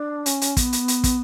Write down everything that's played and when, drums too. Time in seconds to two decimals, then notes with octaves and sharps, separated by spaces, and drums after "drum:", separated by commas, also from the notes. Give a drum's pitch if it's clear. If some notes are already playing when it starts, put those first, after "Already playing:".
Already playing: D4
0.26 C#4, drum: hi-hat
0.41 drum: hi-hat
0.57 B3, drum: kick, hi-hat
0.73 drum: hi-hat
0.88 drum: hi-hat
1.04 drum: kick, hi-hat